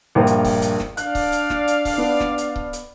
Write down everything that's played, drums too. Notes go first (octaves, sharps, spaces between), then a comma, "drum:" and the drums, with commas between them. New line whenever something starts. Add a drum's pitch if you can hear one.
A#1 G2 A#3
drum: hi-hat
drum: kick C#1, open hi-hat
drum: hi-hat
drum: snare
D4 D5 F5 F#6, drum: hi-hat
drum: kick C#1, open hi-hat
drum: hi-hat
drum: snare
drum: hi-hat
drum: kick C#1, open hi-hat
B3
drum: snare
drum: hi-hat
drum: kick C#1
drum: hi-hat